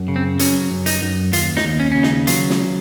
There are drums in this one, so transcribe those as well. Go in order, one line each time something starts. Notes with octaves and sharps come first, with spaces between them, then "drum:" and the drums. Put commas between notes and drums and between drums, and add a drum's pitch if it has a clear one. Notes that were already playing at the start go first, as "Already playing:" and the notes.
Already playing: F#2
C#3
C4
F#3 C#4, drum: hi-hat
F#2
D#4, drum: hi-hat
F#2
D#2 F4, drum: hi-hat
D#4, drum: snare
D#2
C#4
C#3 C#4
D#4, drum: snare
F#3 F4, drum: hi-hat
drum: snare